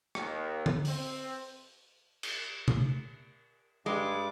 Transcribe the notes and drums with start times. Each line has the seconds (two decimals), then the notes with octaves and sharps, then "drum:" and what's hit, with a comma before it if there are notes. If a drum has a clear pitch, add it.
0.15 D#2, drum: rim click
0.66 drum: tom D3
0.85 C4, drum: open hi-hat
2.23 drum: cymbal
2.68 drum: tom C3
3.86 G2 G3 G#3 D6